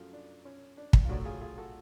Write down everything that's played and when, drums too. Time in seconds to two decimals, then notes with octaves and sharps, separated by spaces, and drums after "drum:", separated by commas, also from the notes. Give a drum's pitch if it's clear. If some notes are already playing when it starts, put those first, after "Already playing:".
Already playing: F#2 F3 A3
0.13 D4
0.45 C#4
0.77 D4
0.93 drum: kick
1.05 F4
1.09 A2 F#3 A3 D4 F#4
1.25 F4 G#4
1.41 F4 G#4
1.58 F#4 A4